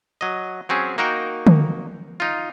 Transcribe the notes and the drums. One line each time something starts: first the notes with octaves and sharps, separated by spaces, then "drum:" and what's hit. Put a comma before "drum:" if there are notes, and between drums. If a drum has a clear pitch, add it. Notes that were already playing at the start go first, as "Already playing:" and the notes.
F#3 D#5
F#3 C4 C#4 G#4
A#3 D#4 F#4 A#4 G5
drum: tom D3
D#4 F4